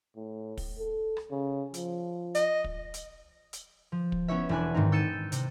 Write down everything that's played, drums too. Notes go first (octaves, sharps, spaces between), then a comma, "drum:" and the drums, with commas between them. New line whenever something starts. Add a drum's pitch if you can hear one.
A2
drum: kick, open hi-hat
A4
drum: rim click
C#3
F3, drum: hi-hat
D#5, drum: hi-hat
drum: kick
drum: hi-hat
drum: hi-hat
F3
drum: kick
B3 C#4 E4 C#5 E5
E1 D4 E4 G#5 F#6
G#2 D#3 C4 D#4
E6 G6 A6 C#7 D#7 E7
C3, drum: hi-hat